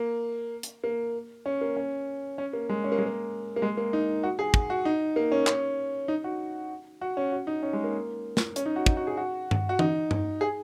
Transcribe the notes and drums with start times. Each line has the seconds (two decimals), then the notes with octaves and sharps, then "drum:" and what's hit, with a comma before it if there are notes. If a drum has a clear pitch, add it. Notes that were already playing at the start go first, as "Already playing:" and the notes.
Already playing: A#3
0.63 drum: hi-hat
0.84 A#3
1.46 C#4
1.61 A#3
1.77 C#4
2.38 C#4
2.53 A#3
2.69 G#3
2.84 C#4
2.92 A#3
2.99 G#3
3.06 A#3
3.56 A#3
3.62 G#3
3.77 A#3
3.93 D#4
4.23 F#4
4.39 G#4
4.54 drum: kick
4.70 F#4
4.85 D#4
5.16 A#3
5.32 C#4
5.47 C#4, drum: clap
6.08 D#4
6.24 F#4
7.01 F#4
7.17 C#4
7.32 F#4
7.47 D#4
7.63 C#4
7.73 G#3
7.84 A#3
8.37 drum: snare
8.56 C#4, drum: hi-hat
8.66 D#4
8.76 F#4
8.86 D#4, drum: kick
8.97 F#4
9.07 G#4
9.17 F#4
9.51 drum: tom G2
9.69 F#4
9.79 D#4, drum: tom E3
10.11 drum: tom G2
10.41 G#4